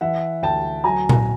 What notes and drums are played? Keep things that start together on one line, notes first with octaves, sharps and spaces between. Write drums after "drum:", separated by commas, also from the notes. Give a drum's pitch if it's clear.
E3 E5 F#5
D2 G5 A5
F#3 G#5 A#5
drum: tom A#2